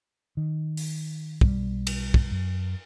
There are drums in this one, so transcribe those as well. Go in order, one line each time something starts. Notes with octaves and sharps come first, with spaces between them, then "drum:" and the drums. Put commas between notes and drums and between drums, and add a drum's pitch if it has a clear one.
D#3
drum: open hi-hat
B1 G3, drum: kick
drum: cymbal
drum: kick
F#2